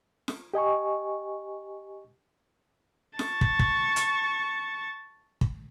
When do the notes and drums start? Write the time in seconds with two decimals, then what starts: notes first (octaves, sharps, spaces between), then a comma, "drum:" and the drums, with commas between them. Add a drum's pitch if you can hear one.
0.28 drum: snare F4
0.54 G4 D#5 G#5 C#6
3.19 A5 C#6, drum: snare F4
3.41 drum: kick
3.59 drum: kick
3.96 drum: hi-hat
5.41 drum: kick